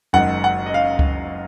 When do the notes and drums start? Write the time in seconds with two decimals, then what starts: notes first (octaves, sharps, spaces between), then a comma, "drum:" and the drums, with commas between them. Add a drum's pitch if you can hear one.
0.13 F#1 F#2 D#3 G#3 F#5
0.44 F#5
0.66 D#5
0.74 F5
0.99 drum: kick C#2